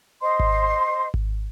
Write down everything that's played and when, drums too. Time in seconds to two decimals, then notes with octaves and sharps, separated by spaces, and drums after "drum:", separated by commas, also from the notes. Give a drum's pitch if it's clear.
0.21 C5 D#5 C6
0.40 drum: kick G#1
1.14 drum: kick G#1